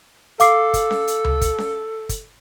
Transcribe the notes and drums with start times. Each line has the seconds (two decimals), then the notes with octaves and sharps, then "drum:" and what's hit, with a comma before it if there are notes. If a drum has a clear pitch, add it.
0.40 A4 F5 D6 C7, drum: hi-hat
0.74 drum: kick, hi-hat
0.91 drum: snare C#4
1.08 drum: hi-hat
1.24 drum: tom C#2
1.41 drum: kick, hi-hat
1.58 drum: snare C#4
2.09 drum: kick, hi-hat